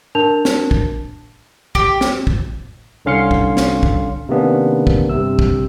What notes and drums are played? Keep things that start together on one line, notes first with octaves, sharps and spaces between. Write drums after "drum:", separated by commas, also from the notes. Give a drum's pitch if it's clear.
D4 A#4 A5 F7
drum: snare
drum: kick
G4, drum: kick
drum: snare
drum: kick
C2 D3 C#4 F5 C6 C#7
drum: kick
drum: snare
drum: kick
C3 D#3 A#3 B3 C#4 D4
drum: kick
G2 C3 E6
drum: kick